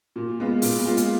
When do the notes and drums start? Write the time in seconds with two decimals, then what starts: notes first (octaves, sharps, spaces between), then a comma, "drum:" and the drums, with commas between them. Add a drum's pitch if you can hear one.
0.16 A#2
0.40 G#3 B3 F4
0.62 A#2, drum: open hi-hat
0.85 G#3 B3 F4
0.97 drum: hi-hat